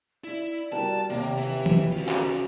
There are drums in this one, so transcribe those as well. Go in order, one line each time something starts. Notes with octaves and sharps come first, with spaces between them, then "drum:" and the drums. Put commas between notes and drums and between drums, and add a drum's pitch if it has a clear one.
E4 D5
G3 F#4 A#4 A5
D#2 C3 A#3 G4
B4 E5
drum: tom E3
C#4 F4 F#4
drum: clap